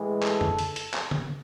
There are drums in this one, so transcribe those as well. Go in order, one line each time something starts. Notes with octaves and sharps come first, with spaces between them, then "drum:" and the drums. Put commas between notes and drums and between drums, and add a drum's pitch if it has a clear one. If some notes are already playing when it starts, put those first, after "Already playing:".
Already playing: A2 E3 G#3
A4, drum: clap
drum: tom F2
drum: hi-hat
drum: hi-hat
drum: clap
drum: tom C#3